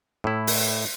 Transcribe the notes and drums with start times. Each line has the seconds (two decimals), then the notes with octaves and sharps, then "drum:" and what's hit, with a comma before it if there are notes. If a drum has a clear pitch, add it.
0.24 A2 E4
0.47 drum: open hi-hat